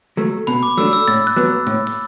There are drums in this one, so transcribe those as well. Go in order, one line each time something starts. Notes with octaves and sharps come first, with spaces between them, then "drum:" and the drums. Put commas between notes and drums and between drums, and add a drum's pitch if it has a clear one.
F#3 A3
B2 B5, drum: hi-hat
D6
F#3 A3 D4 E6
E6
A2 A6, drum: open hi-hat
F#6, drum: hi-hat
F#3 B3
A2, drum: hi-hat
drum: open hi-hat